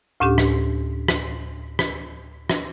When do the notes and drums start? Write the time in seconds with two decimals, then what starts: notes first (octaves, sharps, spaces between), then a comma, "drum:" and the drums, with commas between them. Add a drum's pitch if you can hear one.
0.20 D2 A2 C#4 D4 G4
0.38 drum: rim click
1.08 drum: rim click
1.79 drum: rim click
2.49 drum: rim click